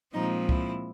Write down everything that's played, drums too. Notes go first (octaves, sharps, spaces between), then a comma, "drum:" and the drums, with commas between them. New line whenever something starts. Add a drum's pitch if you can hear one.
A#2 F3 G#3 C4 D#4
E4, drum: kick C#2